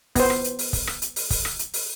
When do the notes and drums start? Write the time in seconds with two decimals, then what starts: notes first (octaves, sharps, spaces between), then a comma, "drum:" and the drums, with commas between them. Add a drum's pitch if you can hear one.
0.16 B3 C5, drum: kick, open hi-hat
0.30 drum: rim click
0.44 drum: hi-hat
0.59 drum: open hi-hat
0.73 drum: kick, open hi-hat
0.87 drum: rim click
1.02 drum: hi-hat
1.16 drum: open hi-hat
1.30 drum: kick, open hi-hat
1.45 drum: rim click
1.59 drum: hi-hat
1.74 drum: open hi-hat